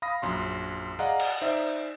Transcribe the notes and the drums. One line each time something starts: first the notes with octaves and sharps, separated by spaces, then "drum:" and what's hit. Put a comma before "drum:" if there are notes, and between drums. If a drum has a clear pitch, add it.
F5 B5 D#6 A#6
A#1 F#2 C6
G#4 D5 D#5 F5 F#5 A#5
drum: cymbal
D#4 C5 D5 E5